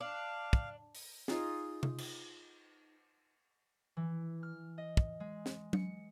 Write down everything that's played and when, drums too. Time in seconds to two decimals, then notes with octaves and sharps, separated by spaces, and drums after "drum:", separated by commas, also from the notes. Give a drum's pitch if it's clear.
0.01 D4 F5
0.53 drum: kick
0.95 drum: open hi-hat
1.28 D#4 F4 G#4, drum: snare
1.83 drum: tom C3
1.98 drum: cymbal
3.97 E3
4.43 F6
4.78 D#5
4.97 drum: kick
5.20 G#3
5.46 drum: snare
5.73 C#7, drum: tom F#3